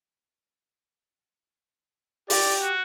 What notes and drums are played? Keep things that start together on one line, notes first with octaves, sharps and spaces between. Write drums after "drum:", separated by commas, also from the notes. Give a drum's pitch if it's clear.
G4 D5, drum: open hi-hat
F#4